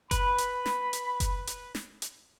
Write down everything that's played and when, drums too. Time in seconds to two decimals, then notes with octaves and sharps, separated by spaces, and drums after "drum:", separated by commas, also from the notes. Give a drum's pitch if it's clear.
0.11 B4 B5, drum: kick F#1, hi-hat
0.38 drum: hi-hat
0.66 drum: snare
0.93 drum: hi-hat
1.20 drum: kick F#1, hi-hat
1.47 drum: hi-hat
1.75 drum: snare
2.02 drum: hi-hat